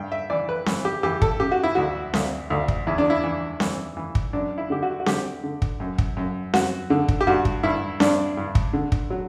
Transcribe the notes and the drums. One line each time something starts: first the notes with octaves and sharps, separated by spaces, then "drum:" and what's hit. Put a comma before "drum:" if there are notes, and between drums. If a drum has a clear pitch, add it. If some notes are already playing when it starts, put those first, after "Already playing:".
Already playing: G2 G5
E5
E3 D5
B4
E3, drum: snare C4
G4
E3 G4
A4, drum: kick
C#3 G4
F#4
E4
D2 F#4
D2, drum: snare C4
D2
drum: kick
E2 E4
D4
E4
E3
E3, drum: snare C4
E3
drum: kick
F#2 D4
E4
D3 G4
F#4
F#4
D3 G4, drum: snare C4
D3
drum: kick
F#2
drum: kick
F#2
F#2 F#4, drum: snare C4
D3
drum: kick
G4
G2 F#4
drum: kick
G2 E4
G2 D4, drum: snare C4
G2
drum: kick
D3
drum: kick
F#3